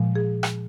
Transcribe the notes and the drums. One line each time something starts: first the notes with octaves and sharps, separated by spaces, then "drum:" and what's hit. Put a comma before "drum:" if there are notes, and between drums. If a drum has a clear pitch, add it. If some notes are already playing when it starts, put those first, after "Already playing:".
Already playing: A#2 F3 G#3
G#4
drum: rim click